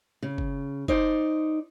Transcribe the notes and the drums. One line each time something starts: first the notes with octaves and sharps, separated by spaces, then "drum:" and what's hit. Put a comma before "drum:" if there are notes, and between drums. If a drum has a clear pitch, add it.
C#3
drum: kick F#1
D#4 C5 D5, drum: kick F#1